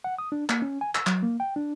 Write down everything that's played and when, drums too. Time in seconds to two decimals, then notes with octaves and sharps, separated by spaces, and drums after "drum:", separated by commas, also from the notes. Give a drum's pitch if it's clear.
0.04 F#5
0.18 D#6
0.32 D4
0.49 A#3, drum: clap
0.62 C#4
0.81 G#5
0.95 E6, drum: clap
1.07 F#3, drum: clap
1.23 A#3
1.40 G5
1.56 D4